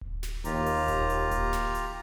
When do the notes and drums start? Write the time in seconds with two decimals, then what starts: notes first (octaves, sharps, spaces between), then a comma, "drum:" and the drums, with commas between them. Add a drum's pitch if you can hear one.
0.01 drum: kick D1
0.23 drum: snare
0.45 D#2 F4 G4 A#5, drum: hi-hat
0.66 drum: open hi-hat
0.88 drum: kick D1, hi-hat
1.10 drum: hi-hat
1.31 drum: kick D1, hi-hat
1.53 drum: snare
1.75 drum: hi-hat